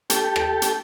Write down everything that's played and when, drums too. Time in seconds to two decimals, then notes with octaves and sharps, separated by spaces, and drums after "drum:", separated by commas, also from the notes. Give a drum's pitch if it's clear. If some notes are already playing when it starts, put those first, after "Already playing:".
0.10 G4 A4, drum: hi-hat
0.36 drum: rim click
0.62 drum: hi-hat